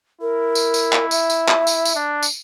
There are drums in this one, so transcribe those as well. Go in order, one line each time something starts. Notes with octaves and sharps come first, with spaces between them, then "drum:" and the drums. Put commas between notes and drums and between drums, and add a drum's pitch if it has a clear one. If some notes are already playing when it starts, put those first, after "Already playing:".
E4 A#4
drum: tambourine
drum: tambourine
drum: clap
E5, drum: tambourine
drum: tambourine
drum: clap
drum: tambourine
drum: tambourine
D4
drum: tambourine